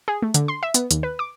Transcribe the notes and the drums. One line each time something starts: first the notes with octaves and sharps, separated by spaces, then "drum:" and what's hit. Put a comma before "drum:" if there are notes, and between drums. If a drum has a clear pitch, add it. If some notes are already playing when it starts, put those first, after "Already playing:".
G#4
A3
D3, drum: hi-hat
C6
E5
B3, drum: hi-hat
D#2, drum: hi-hat
B4
D6